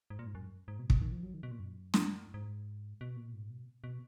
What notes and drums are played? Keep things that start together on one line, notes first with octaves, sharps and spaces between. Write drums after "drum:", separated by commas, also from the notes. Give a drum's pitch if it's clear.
G#2
A#2
G#2
F#2
G#2
B2
B2, drum: kick
D#3
F3
F#3
D#3
B2
A#2
F#2
drum: snare
G#2
B2
A#2
G#2
B2
B2